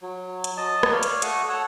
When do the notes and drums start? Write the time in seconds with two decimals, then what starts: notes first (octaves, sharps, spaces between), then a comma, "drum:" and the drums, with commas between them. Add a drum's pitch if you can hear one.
0.02 F#3
0.44 drum: hi-hat
0.57 F#3 D#5 A5
0.83 drum: rim click
0.92 C#5 D5 F5
1.03 drum: hi-hat
1.22 A3 F#4 C#6 D#6, drum: hi-hat
1.49 A4 C#5 F#5 E6